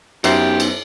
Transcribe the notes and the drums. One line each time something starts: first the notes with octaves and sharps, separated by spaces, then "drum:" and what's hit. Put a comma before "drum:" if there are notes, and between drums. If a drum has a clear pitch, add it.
F#2 B3 D#4 G4 C5 E5 C7, drum: cymbal
drum: cymbal